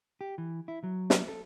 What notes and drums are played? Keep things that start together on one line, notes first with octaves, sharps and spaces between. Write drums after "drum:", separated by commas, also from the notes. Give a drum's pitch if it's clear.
G4
E3
E4
F#3
drum: snare
A4